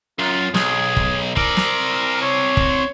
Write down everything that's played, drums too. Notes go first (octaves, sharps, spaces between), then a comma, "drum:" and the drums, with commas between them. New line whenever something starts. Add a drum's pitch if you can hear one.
F#2 F4
B1 G#4, drum: snare
drum: kick
C4 A#4 D5, drum: kick
drum: snare
C#5
drum: kick